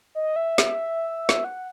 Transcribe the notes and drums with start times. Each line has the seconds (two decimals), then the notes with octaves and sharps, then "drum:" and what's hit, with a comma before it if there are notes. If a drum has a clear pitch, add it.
0.15 D#5
0.36 E5
0.58 drum: snare
1.29 drum: snare
1.44 F#5